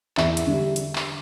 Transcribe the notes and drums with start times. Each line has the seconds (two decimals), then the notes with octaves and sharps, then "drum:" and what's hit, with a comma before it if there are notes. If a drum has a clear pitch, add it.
0.17 E2 E5, drum: clap
0.37 drum: hi-hat
0.47 D3 G3
0.76 drum: hi-hat
0.96 drum: clap